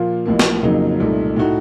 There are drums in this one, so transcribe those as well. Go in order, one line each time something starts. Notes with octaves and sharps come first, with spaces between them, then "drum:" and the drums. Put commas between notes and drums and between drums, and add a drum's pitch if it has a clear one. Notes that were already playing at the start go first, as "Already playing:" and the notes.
Already playing: A#2 F3 A#3 F4
A1 A2 F3 A#3
drum: snare
F2 C#3 F#3 A#3 D#4
C2 A#2 A3 D#4
A2 A3 D#4 F#4